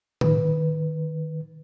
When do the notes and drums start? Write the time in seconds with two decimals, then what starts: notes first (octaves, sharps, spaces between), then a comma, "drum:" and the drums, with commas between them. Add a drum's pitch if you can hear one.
0.21 D#3 B4, drum: tom A2